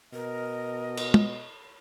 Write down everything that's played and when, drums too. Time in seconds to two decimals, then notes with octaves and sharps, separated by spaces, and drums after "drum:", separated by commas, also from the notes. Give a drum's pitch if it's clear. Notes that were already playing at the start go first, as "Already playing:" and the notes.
0.14 B2 A#4 D#5
0.97 drum: cymbal
1.14 drum: tom